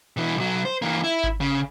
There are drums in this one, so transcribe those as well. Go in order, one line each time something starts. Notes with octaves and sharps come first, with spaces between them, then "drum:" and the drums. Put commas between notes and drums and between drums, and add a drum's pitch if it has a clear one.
B2 E3
B1 F#3
C5
E3 A#3
E4
drum: kick G#1
C#3